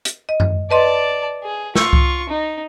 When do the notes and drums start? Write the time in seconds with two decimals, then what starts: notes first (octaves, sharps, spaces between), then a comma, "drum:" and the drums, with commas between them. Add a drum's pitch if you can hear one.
0.05 drum: hi-hat
0.29 D#5
0.40 drum: tom F#2
0.71 B4 D5 D#5 A5 C6
1.43 G#4
1.76 F4 C#6 E6, drum: snare
1.93 drum: kick C2
2.29 D#4